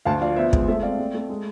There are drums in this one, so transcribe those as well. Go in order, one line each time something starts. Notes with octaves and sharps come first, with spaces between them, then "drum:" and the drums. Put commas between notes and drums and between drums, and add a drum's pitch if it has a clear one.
D2 F5 A5
F3 D5 F5
B3 C5 E5
G#3, drum: kick
A3 C5 E5
C4 D5 F5
A3
A3
G#3